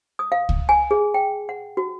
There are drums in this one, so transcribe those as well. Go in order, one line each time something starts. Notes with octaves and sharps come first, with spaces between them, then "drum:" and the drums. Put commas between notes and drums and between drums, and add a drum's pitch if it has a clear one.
D#6
F5
drum: kick C#2
G#5
G#4
G5
F#5
F#4